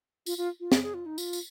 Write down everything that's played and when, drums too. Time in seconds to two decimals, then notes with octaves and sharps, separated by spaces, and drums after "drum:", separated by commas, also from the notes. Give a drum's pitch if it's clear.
0.26 F4, drum: tambourine
0.38 F4
0.60 F4
0.72 G#4, drum: snare
0.83 G#4
0.94 F4
1.06 D#4
1.18 F4, drum: tambourine
1.33 drum: tambourine